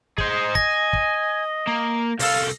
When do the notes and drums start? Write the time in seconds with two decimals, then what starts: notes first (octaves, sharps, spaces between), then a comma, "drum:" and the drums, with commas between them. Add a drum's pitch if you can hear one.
0.18 G#4 C5 D#5, drum: kick
0.55 G#5 A#6, drum: kick
0.93 drum: kick
1.67 A#3
2.19 C2 A4 F5, drum: open hi-hat